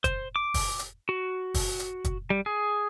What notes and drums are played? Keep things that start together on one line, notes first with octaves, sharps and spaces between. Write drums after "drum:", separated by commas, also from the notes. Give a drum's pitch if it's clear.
C5, drum: kick, hi-hat
D6
drum: kick, open hi-hat
drum: hi-hat
F#4
drum: kick, open hi-hat
drum: hi-hat
drum: kick, hi-hat
G3
G#4